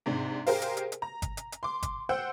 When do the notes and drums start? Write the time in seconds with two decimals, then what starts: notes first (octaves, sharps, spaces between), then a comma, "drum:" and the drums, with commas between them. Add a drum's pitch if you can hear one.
0.06 G#2 C3 D4
0.46 G4 G#4 A#4 C5 F5, drum: open hi-hat
0.62 drum: hi-hat
0.77 drum: hi-hat
0.92 drum: hi-hat
1.02 A#5
1.22 drum: kick G1, hi-hat
1.37 drum: hi-hat
1.52 drum: hi-hat
1.63 C6 D6
1.83 drum: kick G1, hi-hat
2.09 C5 F#5 G5 E6 G6